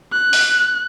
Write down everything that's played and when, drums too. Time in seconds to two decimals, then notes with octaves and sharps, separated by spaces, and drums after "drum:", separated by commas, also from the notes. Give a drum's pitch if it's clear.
0.12 F#6
0.33 drum: open hi-hat